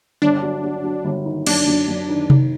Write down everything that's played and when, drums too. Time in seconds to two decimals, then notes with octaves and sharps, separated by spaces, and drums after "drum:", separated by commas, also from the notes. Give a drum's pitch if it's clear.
0.22 G1 D4
0.42 F#3
0.64 F#3
0.84 F#3
1.05 G1
1.25 D#3
1.46 F#2 D4, drum: cymbal
1.67 F#2
1.88 F#2
2.09 D#3
2.30 D#3, drum: tom C3